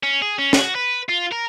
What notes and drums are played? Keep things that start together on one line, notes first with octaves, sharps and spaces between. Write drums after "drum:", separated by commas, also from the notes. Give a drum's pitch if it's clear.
C#4
G#4
C#4
F#4, drum: snare
B4
F4
A#4